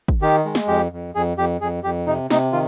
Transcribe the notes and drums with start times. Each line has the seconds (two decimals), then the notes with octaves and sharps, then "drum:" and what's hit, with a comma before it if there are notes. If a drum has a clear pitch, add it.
0.08 drum: kick
0.22 D#3 G4
0.45 G#3
0.55 drum: snare
0.68 F2 G4
0.92 F2
1.15 F2 G#4
1.37 F2 G4
1.61 F2 G#4
1.83 F2 G4
2.07 C3 D#4
2.30 C3 D#4, drum: snare
2.52 D#3 F4